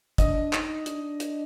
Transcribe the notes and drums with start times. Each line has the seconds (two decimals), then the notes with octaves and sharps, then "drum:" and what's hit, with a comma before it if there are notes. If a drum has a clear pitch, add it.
0.18 D4 D#5, drum: kick, hi-hat
0.53 D#4, drum: clap
0.86 D4, drum: hi-hat
1.20 drum: hi-hat